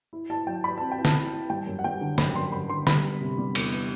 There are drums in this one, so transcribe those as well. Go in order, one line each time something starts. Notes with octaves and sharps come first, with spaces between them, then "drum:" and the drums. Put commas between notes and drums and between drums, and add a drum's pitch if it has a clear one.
E4
E4 A5
F#3 G5
F#3 B5
C4 A5
G5
E4
A5, drum: snare
E4
E4
G3 G5
F#2
F#5
G3 G5
D3
F#2 B5, drum: snare
F#2 C6
F#2 B5
D3 C6
G3 B5, drum: snare
B3
C3
G3
E2, drum: cymbal
B3